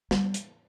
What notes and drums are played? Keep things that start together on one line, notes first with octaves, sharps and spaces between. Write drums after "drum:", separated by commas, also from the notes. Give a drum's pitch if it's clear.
G3, drum: snare
drum: hi-hat